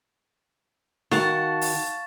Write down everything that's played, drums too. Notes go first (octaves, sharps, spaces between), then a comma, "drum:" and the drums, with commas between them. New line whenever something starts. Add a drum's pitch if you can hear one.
D#3 F#4 F5 F#5 A5 C#6 A6 E7, drum: snare D#4
drum: open hi-hat